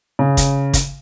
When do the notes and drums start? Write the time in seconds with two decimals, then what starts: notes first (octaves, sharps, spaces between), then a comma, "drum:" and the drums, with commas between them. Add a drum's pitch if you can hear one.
0.19 C#3
0.37 drum: kick, hi-hat
0.74 drum: kick, hi-hat